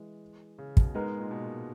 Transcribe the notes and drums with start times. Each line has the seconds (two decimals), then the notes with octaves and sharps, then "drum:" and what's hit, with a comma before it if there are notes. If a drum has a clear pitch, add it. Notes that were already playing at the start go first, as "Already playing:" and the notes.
Already playing: E3 G#3
0.59 C#3
0.77 B2, drum: kick
0.94 G#2 G#3 B3 D#4 A#4
1.19 A#2
1.31 B2